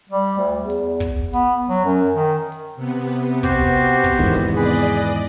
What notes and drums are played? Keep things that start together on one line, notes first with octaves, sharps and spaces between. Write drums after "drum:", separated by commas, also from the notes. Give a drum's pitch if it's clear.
G3
D2
E2
drum: hi-hat
drum: kick, hi-hat
B3, drum: hi-hat
F#3
F#2
D#3
drum: hi-hat
C3 B3
drum: hi-hat
F#4 G4 C5, drum: kick, hi-hat
drum: hi-hat
drum: kick, open hi-hat
E2 G#2 D#3
drum: hi-hat
G#4 B4 D5 D#5
drum: hi-hat